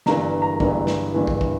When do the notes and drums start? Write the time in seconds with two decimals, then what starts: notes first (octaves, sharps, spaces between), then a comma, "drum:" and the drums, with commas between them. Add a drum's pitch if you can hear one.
0.06 G1 G2 E3 A#5, drum: snare
0.42 A#5
0.60 G1 G2 E3, drum: kick
0.87 drum: snare
1.14 G1 G2 E3
1.27 drum: kick
1.41 drum: kick